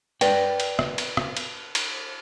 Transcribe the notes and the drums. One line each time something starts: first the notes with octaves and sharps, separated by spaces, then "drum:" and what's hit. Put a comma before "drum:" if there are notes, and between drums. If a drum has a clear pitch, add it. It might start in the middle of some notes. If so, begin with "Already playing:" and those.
B4 D5 G5, drum: cymbal
drum: cymbal
drum: rim click
drum: cymbal
drum: rim click
drum: cymbal
drum: cymbal